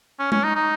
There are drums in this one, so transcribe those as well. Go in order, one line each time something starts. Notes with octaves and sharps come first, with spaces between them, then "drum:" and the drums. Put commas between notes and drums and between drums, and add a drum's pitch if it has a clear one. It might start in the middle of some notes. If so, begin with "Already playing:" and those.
C#4
C#4, drum: tom G#3
D#4
D#4